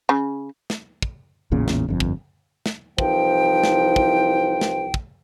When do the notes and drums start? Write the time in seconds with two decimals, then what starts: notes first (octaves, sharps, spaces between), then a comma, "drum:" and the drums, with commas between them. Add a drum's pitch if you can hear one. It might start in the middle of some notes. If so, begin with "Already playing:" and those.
0.09 C#3
0.70 drum: snare
1.02 drum: kick
1.51 A1 E2 A#2 C#3
1.68 drum: snare
1.88 G1 F2
2.00 drum: kick
2.66 drum: snare
2.98 C2 E3 F3 D#4 G5, drum: kick
3.64 drum: snare
3.96 drum: kick
4.61 drum: snare
4.94 drum: kick